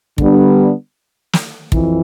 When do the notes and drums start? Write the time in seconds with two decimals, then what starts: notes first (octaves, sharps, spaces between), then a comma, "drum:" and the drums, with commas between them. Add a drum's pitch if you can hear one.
0.18 D3 G3 B3 D4, drum: kick
1.33 drum: snare
1.72 F2 E3, drum: kick